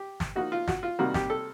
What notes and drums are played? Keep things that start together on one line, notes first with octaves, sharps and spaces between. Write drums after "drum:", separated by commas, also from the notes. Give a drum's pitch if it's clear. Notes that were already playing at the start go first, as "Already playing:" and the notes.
Already playing: G4
drum: snare
F3 A#3 D#4 F#4
F4
F#4, drum: snare
F4
C3 D#3 G3 A#3 F#4
G4, drum: snare
A4